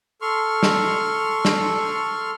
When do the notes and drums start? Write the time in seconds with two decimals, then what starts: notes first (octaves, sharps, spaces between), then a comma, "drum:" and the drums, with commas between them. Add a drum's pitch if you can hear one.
0.22 A4 C6 C#6 F6
0.63 drum: snare
1.45 drum: snare